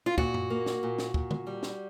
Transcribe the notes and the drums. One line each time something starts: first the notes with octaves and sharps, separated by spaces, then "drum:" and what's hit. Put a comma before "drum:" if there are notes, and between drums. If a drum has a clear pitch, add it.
F4
A#2 F#4, drum: kick
drum: tom F#2
A#3
drum: snare
A#2
drum: snare
A#2, drum: kick
drum: tom D3
G3
drum: snare